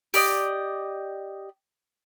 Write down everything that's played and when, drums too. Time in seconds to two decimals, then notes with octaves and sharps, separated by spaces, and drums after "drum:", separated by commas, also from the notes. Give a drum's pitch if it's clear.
0.14 G4 D5 D#5, drum: open hi-hat